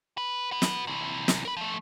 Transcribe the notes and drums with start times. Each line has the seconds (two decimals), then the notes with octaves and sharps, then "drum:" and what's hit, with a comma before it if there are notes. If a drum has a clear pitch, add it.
0.18 B4
0.51 F#4 B4
0.62 drum: snare
0.87 C3 E3
1.28 drum: snare
1.45 A#4 B5
1.57 F3 A3